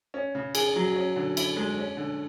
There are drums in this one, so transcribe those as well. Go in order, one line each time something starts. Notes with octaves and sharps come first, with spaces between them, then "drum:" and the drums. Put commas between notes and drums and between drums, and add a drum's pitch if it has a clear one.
C#4
C#3
G#4, drum: cymbal
F#3
C#4
D3
E4, drum: cymbal
G#3
C#4
D3